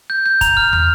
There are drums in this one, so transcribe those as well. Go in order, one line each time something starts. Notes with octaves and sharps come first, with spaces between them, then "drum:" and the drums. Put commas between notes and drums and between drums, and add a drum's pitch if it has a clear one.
G6
G6
A#5 F7, drum: kick, hi-hat
F6
F6, drum: tom